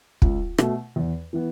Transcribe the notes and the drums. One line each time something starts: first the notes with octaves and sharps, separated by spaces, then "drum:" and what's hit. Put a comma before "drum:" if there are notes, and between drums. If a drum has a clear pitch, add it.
C#2, drum: kick
B2 A3, drum: rim click
E2
E3 B3